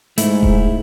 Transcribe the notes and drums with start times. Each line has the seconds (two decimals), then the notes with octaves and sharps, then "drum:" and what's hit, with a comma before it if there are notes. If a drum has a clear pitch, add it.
0.18 G#2 A3 E4, drum: hi-hat
0.43 drum: kick D#1